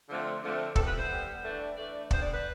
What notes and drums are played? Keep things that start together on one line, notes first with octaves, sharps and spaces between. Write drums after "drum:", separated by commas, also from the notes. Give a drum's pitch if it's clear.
D3 F3 A3 C4
D3 F3 A3 C4
E3 G3 B3 A4, drum: kick
B4
C5
E3 G3 B3
E3 A3 D4
E3 A3 D4 D5
D3 G3 B3 D4 C5, drum: kick
D5
B4